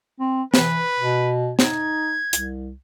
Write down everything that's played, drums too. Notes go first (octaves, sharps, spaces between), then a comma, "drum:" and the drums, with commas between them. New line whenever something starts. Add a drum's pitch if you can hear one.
C4
E3 B4, drum: snare
B2
D#4 G#6, drum: snare
C2, drum: hi-hat